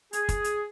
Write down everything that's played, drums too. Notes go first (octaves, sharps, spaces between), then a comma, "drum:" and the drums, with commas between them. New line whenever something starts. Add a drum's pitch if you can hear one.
G#4, drum: hi-hat
drum: kick, hi-hat
drum: hi-hat